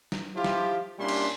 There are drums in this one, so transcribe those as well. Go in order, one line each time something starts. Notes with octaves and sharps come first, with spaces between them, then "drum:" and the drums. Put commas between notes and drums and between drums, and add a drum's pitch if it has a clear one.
drum: snare
F3 E4 F4 G4
drum: snare
A#2 G3 C#4 D4 E4 C6
drum: cymbal